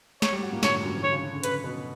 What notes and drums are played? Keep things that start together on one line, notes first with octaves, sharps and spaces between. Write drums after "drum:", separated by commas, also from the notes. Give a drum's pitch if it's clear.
C#5, drum: snare
G3 G4
F#3 F#4
A#2 A#3
D3 C#5, drum: snare
G3
F#2 F#3
E3
D3 C#5
C#3
D3
D3
C#3 B4, drum: hi-hat
B2 B3